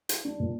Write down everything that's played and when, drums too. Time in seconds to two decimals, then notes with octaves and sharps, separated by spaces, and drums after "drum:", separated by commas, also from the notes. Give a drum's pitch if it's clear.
0.09 drum: hi-hat
0.25 D4
0.40 A#2